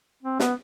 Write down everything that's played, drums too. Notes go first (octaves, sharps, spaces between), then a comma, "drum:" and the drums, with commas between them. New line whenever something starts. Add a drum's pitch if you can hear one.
C4
B3, drum: snare